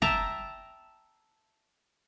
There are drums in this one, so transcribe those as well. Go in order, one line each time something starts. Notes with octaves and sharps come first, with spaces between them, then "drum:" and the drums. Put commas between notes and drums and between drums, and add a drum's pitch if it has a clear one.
E5 G5 A5 A#5, drum: snare